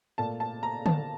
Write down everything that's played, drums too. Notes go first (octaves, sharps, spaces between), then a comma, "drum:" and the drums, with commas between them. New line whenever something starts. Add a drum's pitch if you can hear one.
A#2 A3 A5
A5
A#5
A5, drum: tom D3